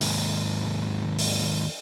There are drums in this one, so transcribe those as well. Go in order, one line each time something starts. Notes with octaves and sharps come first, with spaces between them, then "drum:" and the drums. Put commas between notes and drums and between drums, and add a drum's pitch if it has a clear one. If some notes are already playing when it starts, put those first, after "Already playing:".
D#2 G#2, drum: open hi-hat
drum: open hi-hat